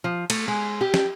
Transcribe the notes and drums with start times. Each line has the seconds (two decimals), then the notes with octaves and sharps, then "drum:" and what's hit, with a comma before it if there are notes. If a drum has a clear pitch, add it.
0.04 F3
0.30 A3, drum: cymbal
0.48 G#3
0.81 G4
0.94 drum: snare